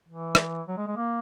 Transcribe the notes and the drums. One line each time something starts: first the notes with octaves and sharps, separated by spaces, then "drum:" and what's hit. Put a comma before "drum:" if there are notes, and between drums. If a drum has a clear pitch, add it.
E3
drum: rim click
F#3
G#3
G#3
A#3